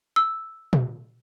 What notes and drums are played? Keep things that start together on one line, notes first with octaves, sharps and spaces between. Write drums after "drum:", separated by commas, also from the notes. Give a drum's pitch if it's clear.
E6
drum: tom A#2